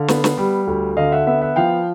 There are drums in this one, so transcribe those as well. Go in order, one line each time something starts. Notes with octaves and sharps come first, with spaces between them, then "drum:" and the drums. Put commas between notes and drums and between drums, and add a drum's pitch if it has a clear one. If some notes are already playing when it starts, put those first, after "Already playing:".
Already playing: D3 F5
B3, drum: snare
drum: snare
G3
D2
D3 D#5 F5
E5 F#5
B3 E5 F#5
E5 F#5
F3 F5 G5